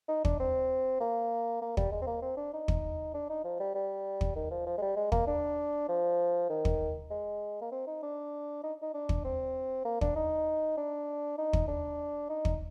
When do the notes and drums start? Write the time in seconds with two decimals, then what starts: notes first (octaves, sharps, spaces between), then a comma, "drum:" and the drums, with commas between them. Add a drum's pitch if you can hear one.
0.09 D#4
0.25 D4, drum: kick
0.40 C4
1.00 A#3
1.62 A#3
1.77 G3, drum: kick
1.92 G#3
2.02 C4
2.07 A#3
2.22 C4
2.37 D4
2.54 D#4
2.68 drum: kick
3.14 D4
3.30 D#4
3.44 F3
3.60 G3
3.75 G3
4.21 drum: kick
4.36 D#3
4.51 F3
4.67 F3
4.78 G#3
4.82 G3
4.97 G#3
5.12 A#3, drum: kick
5.27 D4
5.89 F3
6.50 D#3
6.65 drum: kick
7.11 G#3
7.61 A#3
7.72 C4
7.87 D#4
8.03 D4
8.64 D#4
8.82 D#4
8.94 D4
9.09 drum: kick
9.25 C4
9.85 A#3
10.01 D4, drum: kick
10.16 D#4
10.77 D4
11.38 D#4
11.53 drum: kick
11.68 D4
12.30 D#4
12.45 drum: kick